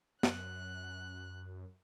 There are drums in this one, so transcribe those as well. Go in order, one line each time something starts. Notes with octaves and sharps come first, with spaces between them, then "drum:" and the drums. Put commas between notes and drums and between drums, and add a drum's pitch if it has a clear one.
F#2 F#6, drum: snare